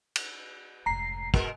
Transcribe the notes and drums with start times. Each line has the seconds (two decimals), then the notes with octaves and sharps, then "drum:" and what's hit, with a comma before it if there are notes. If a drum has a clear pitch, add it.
0.16 drum: cymbal
0.86 F1 G#2 A#5 C7
1.34 B2 G#3 A#4, drum: kick